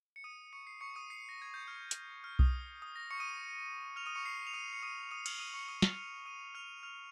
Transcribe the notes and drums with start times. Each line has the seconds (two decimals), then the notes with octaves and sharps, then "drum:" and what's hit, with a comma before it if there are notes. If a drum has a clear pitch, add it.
0.16 C#7
0.24 D#6 D#7
0.53 C#6 C#7
0.67 C7
0.81 C#6 C#7
0.95 D#6 D#7
1.10 C7
1.29 A#6
1.42 G#6
1.54 G6
1.68 F6
1.91 drum: hi-hat
2.24 F6
2.39 D#6, drum: kick B1
2.82 D#6
2.96 A#6
3.11 C#6 C#7
3.20 D#6 D#7
3.96 F6 F7
4.06 D#6 D#7
4.15 C#6 C#7
4.25 C7
4.47 F7
4.54 D#6 D#7
4.73 C#7
4.83 D#6 D#7
5.11 D#6 D#7
5.26 F6 F7, drum: cymbal
5.39 D#6 D#7
5.54 C#6 C#7
5.68 D#6 D#7
5.82 F6 F7, drum: snare
6.26 D#6 D#7
6.55 F6 F7
6.83 F6 F7